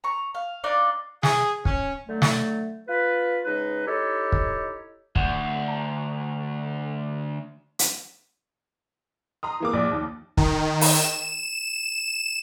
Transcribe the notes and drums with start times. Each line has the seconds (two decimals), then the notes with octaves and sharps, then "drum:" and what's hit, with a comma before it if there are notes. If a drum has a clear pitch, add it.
0.04 A#5 C#6
0.35 F5
0.64 D4 D#4 D5 F5
1.23 G#4, drum: snare
1.65 C#4, drum: kick
2.07 D3 F#3 A3
2.22 drum: snare
2.88 F4 B4
3.45 C#3 G#3 D#4 B4
3.87 D#4 E4 G4 A4 C#5
4.32 drum: kick
5.16 D2 F#5, drum: kick
5.68 A5 A#5
7.79 drum: hi-hat
9.43 A#5 C6 D#6
9.60 E3 A#3 D6
9.73 A#1 D5
9.91 D#2
10.37 D#3, drum: kick
10.81 drum: open hi-hat
10.99 E7